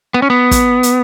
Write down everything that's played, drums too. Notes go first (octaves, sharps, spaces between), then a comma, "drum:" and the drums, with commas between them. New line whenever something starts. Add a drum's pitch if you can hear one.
B3
C#4
B3
drum: kick, hi-hat
drum: hi-hat